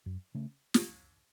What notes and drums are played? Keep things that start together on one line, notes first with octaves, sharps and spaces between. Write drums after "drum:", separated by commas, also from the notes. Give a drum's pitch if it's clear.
F#2
C#3 A3 C#4
drum: snare